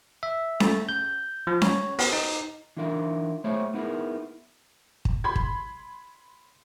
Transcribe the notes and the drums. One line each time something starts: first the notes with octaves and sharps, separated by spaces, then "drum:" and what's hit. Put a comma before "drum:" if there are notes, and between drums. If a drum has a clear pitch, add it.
E5
A3, drum: snare C#4
G6
F3
C#5, drum: snare C#4
B3, drum: open hi-hat
D#4
E3 D4 D#4 F4 A#4 E5
A3 G#4 C5 C#5 E5
B3 D#4 E4 G4 G#4 A#4
drum: kick
B5 C6 G#6
drum: kick